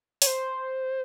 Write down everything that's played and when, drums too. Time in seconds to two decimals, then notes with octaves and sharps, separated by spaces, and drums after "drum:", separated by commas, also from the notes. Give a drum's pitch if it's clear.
0.22 C#5, drum: open hi-hat
0.27 C5